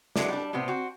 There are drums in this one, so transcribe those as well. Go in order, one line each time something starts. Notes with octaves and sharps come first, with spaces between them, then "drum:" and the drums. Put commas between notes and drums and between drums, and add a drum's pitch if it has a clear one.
F#3 G#3 A3 D4 D5, drum: snare
G3 D4
A2 C3 B3 C4
C4 F#4